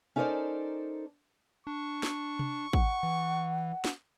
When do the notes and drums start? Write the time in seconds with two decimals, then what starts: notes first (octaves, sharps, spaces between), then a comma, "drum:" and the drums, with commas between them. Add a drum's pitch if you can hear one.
0.16 C#4 D#4 A4 A#4 C5 D5
1.67 D4 C#6
2.03 drum: snare
2.39 drum: tom C3
2.73 F#5, drum: kick
3.03 E3
3.84 drum: snare